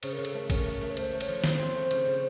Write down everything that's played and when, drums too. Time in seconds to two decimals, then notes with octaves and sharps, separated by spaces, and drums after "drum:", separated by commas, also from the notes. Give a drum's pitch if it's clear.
0.03 C#3 C5, drum: cymbal
0.13 A#4
0.19 C#3
0.25 A4, drum: cymbal
0.34 A3 A#4
0.50 C#4, drum: kick, cymbal
0.66 A3
0.81 A3
0.90 C#5
0.97 A3 C5, drum: cymbal
1.13 A3
1.20 C#5, drum: cymbal
1.28 F3
1.44 A3 C5, drum: snare
1.59 C4
1.75 A3
1.91 C#3, drum: cymbal
2.07 C#3